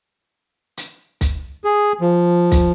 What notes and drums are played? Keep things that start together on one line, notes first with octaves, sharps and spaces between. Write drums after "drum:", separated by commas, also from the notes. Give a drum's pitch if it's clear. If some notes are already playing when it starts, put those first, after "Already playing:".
drum: hi-hat
drum: kick, hi-hat
G#4
F3
drum: kick, hi-hat